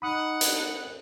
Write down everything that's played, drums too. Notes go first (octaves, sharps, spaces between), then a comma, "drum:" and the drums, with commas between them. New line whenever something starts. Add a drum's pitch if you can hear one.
D#4 F#5 B5 D#6
drum: hi-hat